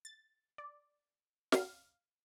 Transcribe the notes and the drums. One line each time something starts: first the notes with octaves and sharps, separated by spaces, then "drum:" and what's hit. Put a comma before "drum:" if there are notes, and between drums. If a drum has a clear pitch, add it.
A6
D5
F5, drum: snare